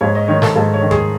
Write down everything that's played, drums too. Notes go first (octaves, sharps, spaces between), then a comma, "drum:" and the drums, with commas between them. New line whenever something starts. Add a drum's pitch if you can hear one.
G#2 C#5
D#5
D#3 C#5
A4, drum: snare G#2
G#2 A4
C#5
D#3
G#4, drum: tom F#2